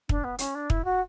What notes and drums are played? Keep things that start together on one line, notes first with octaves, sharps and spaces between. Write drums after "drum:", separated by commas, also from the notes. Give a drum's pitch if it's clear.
D4, drum: kick
B3
C#4, drum: hi-hat
D4
E4, drum: kick
F#4